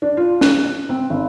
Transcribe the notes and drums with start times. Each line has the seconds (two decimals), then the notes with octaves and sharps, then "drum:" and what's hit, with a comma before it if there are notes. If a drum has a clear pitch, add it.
0.02 D4
0.17 F4
0.41 F#6, drum: snare
0.89 C4
1.10 G#1